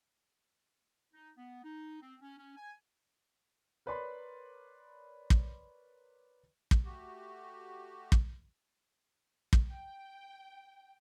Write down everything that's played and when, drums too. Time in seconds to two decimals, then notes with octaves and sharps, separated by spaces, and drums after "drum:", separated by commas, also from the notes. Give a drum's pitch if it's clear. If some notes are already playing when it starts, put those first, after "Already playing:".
1.14 D#4
1.37 B3
1.64 D#4
2.02 C4
2.22 C#4
2.38 C#4
2.57 G#5
3.86 A#4 B4 C#5 D5 B5 C6
5.30 drum: kick
6.71 drum: kick
6.85 A3 F#4 G4
8.12 drum: kick
9.53 drum: kick
9.69 G5